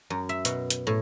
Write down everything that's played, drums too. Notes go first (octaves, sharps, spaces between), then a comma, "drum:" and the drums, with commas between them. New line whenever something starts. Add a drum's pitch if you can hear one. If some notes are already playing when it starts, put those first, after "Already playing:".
F#2
E5
B2, drum: hi-hat
drum: hi-hat
A2